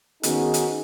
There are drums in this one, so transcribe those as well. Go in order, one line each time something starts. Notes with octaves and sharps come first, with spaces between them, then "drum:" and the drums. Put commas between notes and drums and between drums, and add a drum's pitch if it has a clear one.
D#3 B3 C#4 D#4 F#4 G#4, drum: hi-hat
drum: hi-hat